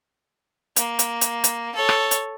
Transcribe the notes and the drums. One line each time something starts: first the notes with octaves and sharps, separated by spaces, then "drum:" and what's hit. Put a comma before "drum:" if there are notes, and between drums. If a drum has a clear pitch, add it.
A#3, drum: hi-hat
drum: hi-hat
drum: hi-hat
drum: hi-hat
A4 C#5
drum: rim click
drum: hi-hat